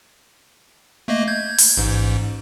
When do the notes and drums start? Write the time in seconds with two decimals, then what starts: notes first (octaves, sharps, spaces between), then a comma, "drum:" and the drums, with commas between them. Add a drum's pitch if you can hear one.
1.08 A3 A#3 D#5
1.28 G6 G#6
1.59 drum: open hi-hat
1.77 A1 G#2